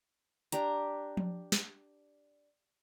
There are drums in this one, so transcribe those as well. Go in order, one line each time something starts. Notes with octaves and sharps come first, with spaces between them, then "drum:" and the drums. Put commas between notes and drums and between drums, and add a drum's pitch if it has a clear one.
D4 G4 A#5, drum: hi-hat
drum: tom F3
drum: snare